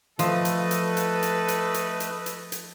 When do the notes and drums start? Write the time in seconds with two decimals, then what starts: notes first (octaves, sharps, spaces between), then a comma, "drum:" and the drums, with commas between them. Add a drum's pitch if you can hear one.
0.19 F3 A3 A4 B4 D#5, drum: hi-hat
0.45 drum: hi-hat
0.71 drum: hi-hat
0.97 drum: hi-hat
1.23 drum: hi-hat
1.48 drum: hi-hat
1.74 drum: hi-hat
2.00 drum: hi-hat
2.26 drum: hi-hat
2.52 drum: hi-hat